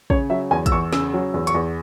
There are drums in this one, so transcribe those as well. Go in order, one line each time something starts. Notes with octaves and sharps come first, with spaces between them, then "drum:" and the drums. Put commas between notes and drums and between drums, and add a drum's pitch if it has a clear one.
C#3 C#5, drum: kick
F#3 E5
E2 G#5
E6, drum: kick, hi-hat
E2 C#6
C#3 E6, drum: snare
F#3
E2
C#6, drum: hi-hat
E2